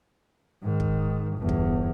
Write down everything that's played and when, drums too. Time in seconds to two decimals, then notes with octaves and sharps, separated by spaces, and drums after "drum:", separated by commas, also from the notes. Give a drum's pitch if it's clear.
0.63 G#2 D#3
0.80 drum: kick
1.37 G1 E2
1.49 drum: kick